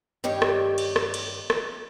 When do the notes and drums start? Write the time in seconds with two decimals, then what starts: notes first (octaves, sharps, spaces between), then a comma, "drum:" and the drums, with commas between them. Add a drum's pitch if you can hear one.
0.24 G2 D#3 G4 C#5
0.42 drum: rim click
0.78 drum: cymbal
0.96 drum: rim click
1.14 drum: cymbal
1.50 drum: rim click